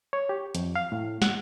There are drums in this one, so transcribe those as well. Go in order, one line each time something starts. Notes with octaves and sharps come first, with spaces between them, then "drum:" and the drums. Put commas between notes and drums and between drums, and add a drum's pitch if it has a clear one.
C#5
G4
F2, drum: hi-hat
F5
A2
F#5, drum: snare